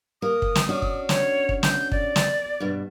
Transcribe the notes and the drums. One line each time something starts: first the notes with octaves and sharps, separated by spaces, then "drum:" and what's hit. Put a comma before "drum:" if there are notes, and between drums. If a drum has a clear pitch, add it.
A#3 D#6
drum: kick
drum: snare
C#4 D4 F#4
drum: kick
C#5, drum: snare
drum: kick
G6, drum: snare
D5, drum: kick
drum: snare
G2 B2